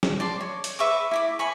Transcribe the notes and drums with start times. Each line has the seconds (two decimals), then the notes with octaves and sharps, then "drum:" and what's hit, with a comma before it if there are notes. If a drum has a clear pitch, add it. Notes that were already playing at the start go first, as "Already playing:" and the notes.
0.03 drum: snare
0.20 D5 A5 C6
0.41 C#5
0.64 drum: hi-hat
0.79 B4 E5 C#6 D6
1.11 E4 B5 D6
1.39 C#5 G#5 B5 C#6